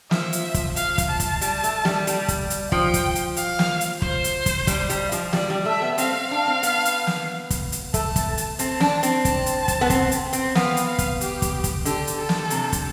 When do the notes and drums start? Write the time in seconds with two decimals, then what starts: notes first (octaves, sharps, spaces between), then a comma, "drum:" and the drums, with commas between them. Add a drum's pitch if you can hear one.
0.11 F3 E5, drum: snare
0.33 drum: hi-hat
0.54 drum: kick, hi-hat
0.76 F5, drum: hi-hat
0.98 drum: kick, hi-hat
1.08 A5
1.20 drum: kick, hi-hat
1.41 G3, drum: hi-hat
1.64 A3, drum: hi-hat
1.85 G3, drum: snare
2.07 G3, drum: hi-hat
2.28 drum: kick, hi-hat
2.50 drum: hi-hat
2.72 F3 G5, drum: kick
2.94 drum: kick, hi-hat
3.15 drum: hi-hat
3.37 F5, drum: hi-hat
3.59 drum: snare
3.81 drum: hi-hat
4.02 C5, drum: kick
4.24 drum: hi-hat
4.46 drum: kick, hi-hat
4.67 G3, drum: kick, hi-hat
4.90 G3, drum: hi-hat
5.12 F3, drum: hi-hat
5.33 G3 D5, drum: snare
5.50 G3
5.66 A3 E5
5.82 B3
5.98 C4 F5, drum: hi-hat
6.14 C4
6.31 D4
6.48 C4
6.63 B3, drum: hi-hat
6.85 drum: hi-hat
7.07 drum: snare
7.50 drum: kick, hi-hat
7.72 drum: hi-hat
7.94 A3 A5, drum: kick, hi-hat
8.16 drum: kick, hi-hat
8.37 drum: hi-hat
8.59 C4 A5, drum: hi-hat
8.80 D4, drum: snare
9.03 C4, drum: hi-hat
9.25 A5, drum: kick, hi-hat
9.46 drum: hi-hat
9.68 drum: kick, hi-hat
9.81 B3
9.90 C4, drum: kick, hi-hat
10.11 drum: hi-hat
10.33 C4, drum: hi-hat
10.55 B3 F5, drum: snare
10.77 drum: hi-hat
10.87 F5
10.98 drum: kick, hi-hat
11.21 G4, drum: hi-hat
11.42 drum: kick, hi-hat
11.64 drum: kick, hi-hat
11.85 D3 G4, drum: hi-hat
12.07 drum: hi-hat
12.18 A4
12.29 drum: snare
12.50 C3, drum: hi-hat
12.72 drum: kick, hi-hat